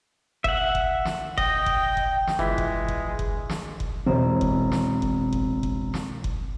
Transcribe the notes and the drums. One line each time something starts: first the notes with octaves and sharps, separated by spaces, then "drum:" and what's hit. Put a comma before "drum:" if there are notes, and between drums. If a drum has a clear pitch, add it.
E5 F#5, drum: kick F#1
drum: kick F#1
drum: snare
D#5 G5, drum: kick F#1
drum: kick F#1
drum: kick F#1
drum: snare
G1 E3 G#3 B6
drum: kick F#1
drum: kick F#1
drum: kick F#1
drum: snare
drum: kick F#1
E1 C4
drum: kick F#1
drum: snare
drum: kick F#1
drum: kick F#1
drum: kick F#1
drum: snare
drum: kick F#1